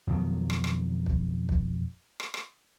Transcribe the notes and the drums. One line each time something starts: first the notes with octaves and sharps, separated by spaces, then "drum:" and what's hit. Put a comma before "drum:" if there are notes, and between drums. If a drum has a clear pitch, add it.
F2 B2 D#3 F#3
drum: rim click
drum: rim click
drum: kick
drum: kick
drum: rim click
drum: rim click